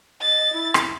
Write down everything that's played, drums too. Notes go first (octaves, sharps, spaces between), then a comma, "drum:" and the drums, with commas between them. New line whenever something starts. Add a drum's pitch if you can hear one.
D#5 A6
E4
drum: rim click